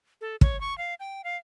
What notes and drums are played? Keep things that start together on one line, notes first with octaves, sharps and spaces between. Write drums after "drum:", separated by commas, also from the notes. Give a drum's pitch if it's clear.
A4
C#5, drum: kick
C#6
F5
G5
F5